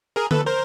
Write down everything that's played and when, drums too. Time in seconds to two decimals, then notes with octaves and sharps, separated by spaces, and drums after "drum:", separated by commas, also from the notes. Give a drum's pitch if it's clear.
0.16 G#4 A#4
0.31 A4 B4, drum: tom D3
0.46 A#4 C5